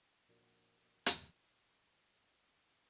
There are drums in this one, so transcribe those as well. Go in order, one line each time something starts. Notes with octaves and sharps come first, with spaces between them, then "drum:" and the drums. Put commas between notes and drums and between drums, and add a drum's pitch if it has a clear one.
A#2 F3 D4 F#4 A#4 D5
drum: hi-hat